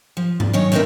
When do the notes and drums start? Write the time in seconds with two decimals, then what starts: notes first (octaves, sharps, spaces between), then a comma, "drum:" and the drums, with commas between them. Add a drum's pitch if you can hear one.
0.17 F3
0.40 A#2, drum: tom G#2
0.53 D#3 F#3 C#4 C#5
0.72 A3 C4 D4 D#4 A#4 B4